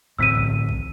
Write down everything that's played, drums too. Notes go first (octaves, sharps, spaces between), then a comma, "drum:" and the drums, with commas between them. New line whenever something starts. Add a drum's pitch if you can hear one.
D1 A1 C4 E6 B6 D#7
drum: kick
drum: kick